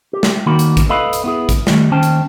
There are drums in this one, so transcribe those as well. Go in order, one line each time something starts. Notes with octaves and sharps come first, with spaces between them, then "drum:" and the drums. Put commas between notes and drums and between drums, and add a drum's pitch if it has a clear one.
G4
drum: snare
D#2 D#3 A#3 F#4 B5
drum: hi-hat
drum: kick, hi-hat
A4 B4 D#5 F5 B5
drum: hi-hat
B3 E4 G#4
drum: kick, hi-hat
D#3 G3 A3, drum: snare
D#2 D#3 C#4 C5 G5 A5
drum: hi-hat